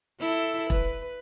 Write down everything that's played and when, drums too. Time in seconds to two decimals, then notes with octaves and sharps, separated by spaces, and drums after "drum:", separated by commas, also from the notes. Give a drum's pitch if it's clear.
0.20 E4 A4
0.70 B4, drum: kick E1